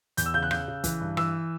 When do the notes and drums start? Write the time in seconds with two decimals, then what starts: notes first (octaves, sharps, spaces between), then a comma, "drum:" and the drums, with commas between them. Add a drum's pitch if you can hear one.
0.17 E2 G6, drum: hi-hat
0.26 E6
0.34 C#3 G6
0.43 F#6
0.51 C#3 G6, drum: rim click
0.68 C#3
0.84 E3, drum: kick, hi-hat
1.01 G2
1.17 E3 E6, drum: rim click